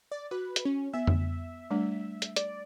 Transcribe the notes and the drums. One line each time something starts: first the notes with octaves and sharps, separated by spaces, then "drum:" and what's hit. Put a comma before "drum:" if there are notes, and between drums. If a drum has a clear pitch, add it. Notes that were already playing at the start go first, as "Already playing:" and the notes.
D5
F#4 B4
drum: hi-hat
C#4
B3 E5
drum: tom F2
G3 A3 D4
drum: hi-hat
D5, drum: hi-hat